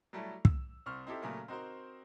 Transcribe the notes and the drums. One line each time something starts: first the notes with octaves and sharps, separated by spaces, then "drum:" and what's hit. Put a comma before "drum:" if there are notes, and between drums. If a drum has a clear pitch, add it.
F#3 G3 A3 E4 A4
E6, drum: kick
C2 C4 C#6 F6
C4 D#4 E4 G4 A4
A#2 C#3 F#3 A3 A#3 C#4
C4 D#4 F#4 A#4 C5